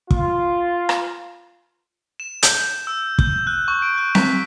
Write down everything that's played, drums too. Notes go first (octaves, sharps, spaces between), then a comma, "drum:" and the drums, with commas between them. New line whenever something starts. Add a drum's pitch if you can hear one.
F4, drum: kick
drum: rim click
E7
G6, drum: hi-hat
E6
G6, drum: kick
F#6
C#6
D7
F#6
B6, drum: snare C4